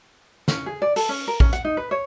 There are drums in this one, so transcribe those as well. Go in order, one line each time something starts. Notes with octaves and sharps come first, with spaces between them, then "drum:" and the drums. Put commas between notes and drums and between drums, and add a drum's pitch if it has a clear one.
C#4, drum: snare
G#4
D5
A4, drum: open hi-hat
C#4
A#4
C#4, drum: kick A#1
F#5, drum: hi-hat
D#4
B4
C#5